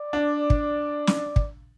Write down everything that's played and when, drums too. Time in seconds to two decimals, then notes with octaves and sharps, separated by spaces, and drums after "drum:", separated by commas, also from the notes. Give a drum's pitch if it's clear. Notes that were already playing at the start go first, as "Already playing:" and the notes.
Already playing: D5
0.13 D4
0.50 drum: kick
1.07 drum: snare
1.36 drum: kick